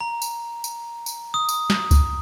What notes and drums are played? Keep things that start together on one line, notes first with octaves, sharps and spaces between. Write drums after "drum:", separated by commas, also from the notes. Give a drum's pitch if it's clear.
A#5
drum: tambourine
drum: tambourine
drum: tambourine
D#6
drum: tambourine
drum: snare
drum: kick C#2, tambourine